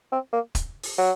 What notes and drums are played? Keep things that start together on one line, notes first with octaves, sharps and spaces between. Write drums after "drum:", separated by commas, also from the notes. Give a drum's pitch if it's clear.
C4
A#3
drum: kick, hi-hat
drum: open hi-hat
F#3